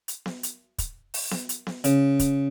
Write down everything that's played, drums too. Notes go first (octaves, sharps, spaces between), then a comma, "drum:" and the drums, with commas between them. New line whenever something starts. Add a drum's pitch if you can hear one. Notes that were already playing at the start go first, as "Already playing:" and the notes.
drum: hi-hat
drum: snare B3
drum: hi-hat
drum: kick, hi-hat
drum: open hi-hat
drum: snare B3
drum: hi-hat
drum: snare B3
C#3, drum: hi-hat
drum: kick, hi-hat